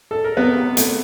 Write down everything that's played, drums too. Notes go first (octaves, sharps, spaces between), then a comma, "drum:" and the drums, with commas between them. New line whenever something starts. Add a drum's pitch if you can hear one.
A4
A#4
C3 B3 B4
C3
A3, drum: hi-hat